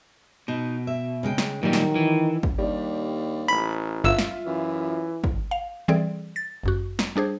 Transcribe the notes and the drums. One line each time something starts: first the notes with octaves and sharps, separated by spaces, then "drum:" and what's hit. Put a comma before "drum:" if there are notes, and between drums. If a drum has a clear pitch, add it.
B2 D#4
E5
C#3 G#3 G5
drum: snare
A#2 D#3 F#3 G3 F#4
drum: snare
E3
drum: kick
D#2 G3 D4
A1 B5
G1 F4 E5 F5 E6
drum: snare
F#2 E3
drum: kick
F5
E3 G3 C4 G#4 A4 D5
A6
G1 F#2 F#4
drum: snare
G3 D4 G#4 C5